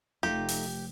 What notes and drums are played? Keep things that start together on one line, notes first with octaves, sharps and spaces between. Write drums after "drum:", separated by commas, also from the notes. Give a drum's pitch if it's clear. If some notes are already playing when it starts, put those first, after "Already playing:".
F1 A3 D#4 F4 G4
drum: open hi-hat